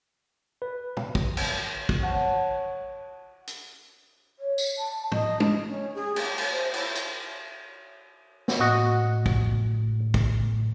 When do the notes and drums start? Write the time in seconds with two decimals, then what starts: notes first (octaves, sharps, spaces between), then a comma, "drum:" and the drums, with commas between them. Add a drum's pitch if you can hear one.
0.62 B4
0.97 drum: tom
1.15 drum: kick
1.37 drum: cymbal
1.89 drum: kick
2.02 C#5 F#5 A5
3.47 drum: hi-hat
4.39 C#5
4.58 drum: tambourine
4.77 A5
5.12 D#5, drum: tom
5.40 D#5, drum: tom
5.68 C#4
5.94 G#4
6.16 A#3, drum: cymbal
6.38 drum: cymbal
6.51 C5
6.74 E4, drum: cymbal
6.95 drum: hi-hat
8.48 drum: snare
8.59 A2 F#4 D#5
9.26 drum: kick
10.14 drum: kick